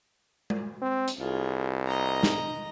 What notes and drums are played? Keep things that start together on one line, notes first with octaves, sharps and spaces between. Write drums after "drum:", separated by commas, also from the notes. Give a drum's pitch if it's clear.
drum: tom G#3
C4
drum: hi-hat
C2 F4 G#4
D#5 A#5
drum: snare